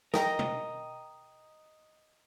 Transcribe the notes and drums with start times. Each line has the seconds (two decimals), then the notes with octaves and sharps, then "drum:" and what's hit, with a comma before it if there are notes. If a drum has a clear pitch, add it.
0.14 A#4 D#5 G5 A#5, drum: snare
0.39 drum: tom B2